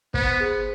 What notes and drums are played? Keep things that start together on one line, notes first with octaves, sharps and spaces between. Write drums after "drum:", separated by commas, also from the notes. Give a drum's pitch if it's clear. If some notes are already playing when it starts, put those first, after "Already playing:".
B3 C5, drum: kick
G#4